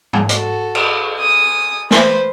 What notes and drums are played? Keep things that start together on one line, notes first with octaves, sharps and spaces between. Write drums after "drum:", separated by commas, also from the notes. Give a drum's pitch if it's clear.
drum: tom
F#4 A4, drum: hi-hat
drum: cymbal
G#5 D#6
B4 C5, drum: snare